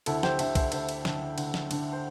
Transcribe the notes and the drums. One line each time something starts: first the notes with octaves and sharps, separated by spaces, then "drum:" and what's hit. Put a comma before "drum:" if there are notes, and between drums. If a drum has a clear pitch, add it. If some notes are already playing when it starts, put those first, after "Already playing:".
D2 E4 A4, drum: cymbal
G4 C5, drum: snare
D3 C5 E5, drum: cymbal
C5 E5, drum: kick, cymbal
D2 C5 E5, drum: cymbal
drum: cymbal
D3, drum: snare
D2, drum: cymbal
drum: snare
D3, drum: cymbal
C5